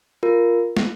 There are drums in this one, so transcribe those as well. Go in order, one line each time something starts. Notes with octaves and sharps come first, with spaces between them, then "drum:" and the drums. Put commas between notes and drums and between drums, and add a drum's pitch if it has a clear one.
F4 A#4
drum: snare